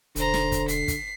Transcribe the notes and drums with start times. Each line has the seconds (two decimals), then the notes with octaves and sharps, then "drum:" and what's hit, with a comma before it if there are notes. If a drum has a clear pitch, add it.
0.16 E1 D3 C5 A#5, drum: hi-hat
0.34 drum: snare
0.52 drum: kick, hi-hat
0.68 B6 C7, drum: hi-hat
0.88 drum: kick, hi-hat